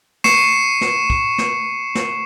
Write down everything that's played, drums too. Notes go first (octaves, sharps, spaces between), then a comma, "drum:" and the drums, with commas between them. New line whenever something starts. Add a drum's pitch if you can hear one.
C#6 C7 C#7 E7, drum: snare
drum: snare
drum: kick
drum: snare
drum: snare